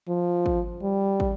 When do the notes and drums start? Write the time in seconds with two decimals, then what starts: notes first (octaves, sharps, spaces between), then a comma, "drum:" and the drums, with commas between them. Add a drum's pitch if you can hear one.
0.09 F3
0.46 drum: kick
0.83 G3
1.20 drum: kick